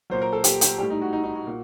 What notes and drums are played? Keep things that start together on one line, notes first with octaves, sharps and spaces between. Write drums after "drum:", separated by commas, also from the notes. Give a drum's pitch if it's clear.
A#2 F#3 C5
A#4
A4
G4, drum: hi-hat
G4, drum: hi-hat
A2 G3 G4
D#4
F#4
D#4
D#4
F#4
A#2